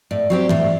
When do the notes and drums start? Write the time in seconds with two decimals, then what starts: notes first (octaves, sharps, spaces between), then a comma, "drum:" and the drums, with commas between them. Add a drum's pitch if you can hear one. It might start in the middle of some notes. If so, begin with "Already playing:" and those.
0.11 A2 D5
0.30 F#3 C4 G4
0.49 A2 E5, drum: tom E3